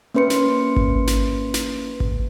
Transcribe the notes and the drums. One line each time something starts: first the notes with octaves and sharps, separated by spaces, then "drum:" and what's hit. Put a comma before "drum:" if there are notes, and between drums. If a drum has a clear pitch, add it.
A#3 C#4 B4 C6 C#7
drum: snare
drum: kick G#1
drum: snare
drum: snare
drum: kick G#1